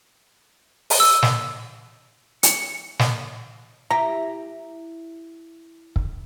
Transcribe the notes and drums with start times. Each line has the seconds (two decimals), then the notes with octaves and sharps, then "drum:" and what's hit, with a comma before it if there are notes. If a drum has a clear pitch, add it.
0.90 drum: open hi-hat
1.00 E6
1.23 drum: snare
2.43 C#7, drum: hi-hat
2.99 drum: snare
3.90 E4 G4 A#5
5.96 drum: kick